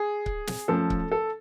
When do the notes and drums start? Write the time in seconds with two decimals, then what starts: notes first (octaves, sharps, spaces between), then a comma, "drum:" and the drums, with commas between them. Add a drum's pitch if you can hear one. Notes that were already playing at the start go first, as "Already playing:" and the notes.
Already playing: G#4
0.26 drum: kick C#1
0.47 drum: snare
0.68 F#2 F3 A3 A4
0.90 drum: kick C#1
1.12 A4